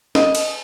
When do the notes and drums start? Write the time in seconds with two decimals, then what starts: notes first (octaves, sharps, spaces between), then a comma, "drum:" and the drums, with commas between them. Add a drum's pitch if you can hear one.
0.15 D#5, drum: snare
0.35 drum: cymbal